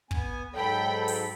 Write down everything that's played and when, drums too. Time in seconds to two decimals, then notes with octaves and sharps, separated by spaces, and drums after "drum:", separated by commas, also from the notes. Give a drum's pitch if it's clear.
0.11 B3 G#5, drum: kick
0.55 G#2 F#3 A4 G5 B5
1.08 drum: open hi-hat